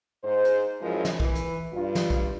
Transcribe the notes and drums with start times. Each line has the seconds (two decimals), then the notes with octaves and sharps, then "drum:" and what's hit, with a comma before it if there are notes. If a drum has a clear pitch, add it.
0.23 G#2 C5
0.44 drum: hi-hat
0.81 F#2 F3 G#3 E4 A#4
1.05 drum: snare
1.20 E3, drum: kick
1.35 drum: hi-hat
1.72 G2 F4
1.95 drum: snare
2.10 drum: kick